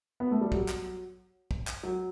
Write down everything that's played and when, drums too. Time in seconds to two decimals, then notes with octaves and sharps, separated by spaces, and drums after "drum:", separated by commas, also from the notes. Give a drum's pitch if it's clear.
0.20 B3
0.31 A3
0.41 G3
0.52 F#3, drum: kick
0.68 drum: clap
1.51 drum: kick
1.67 drum: clap
1.83 F#3